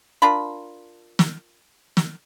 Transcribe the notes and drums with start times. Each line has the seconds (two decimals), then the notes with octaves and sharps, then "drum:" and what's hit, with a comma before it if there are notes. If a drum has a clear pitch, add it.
0.22 D4 F4 A#4 B5
1.19 drum: snare
1.97 drum: snare